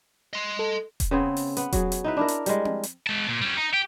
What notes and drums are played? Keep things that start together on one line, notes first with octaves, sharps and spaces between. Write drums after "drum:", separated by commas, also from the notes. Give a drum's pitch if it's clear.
D#5 C6
A4
drum: kick E1, hi-hat
C#3 B3 C4 G#4
drum: open hi-hat
B3, drum: hi-hat
F#3 G#4, drum: kick E1, hi-hat
drum: hi-hat
D#4 E4 B4
D4 E4 A#4
drum: hi-hat
G3 G#3, drum: hi-hat
drum: tom C4
drum: hi-hat
G#3 A5
A#2
G3 C#4
D#4
G4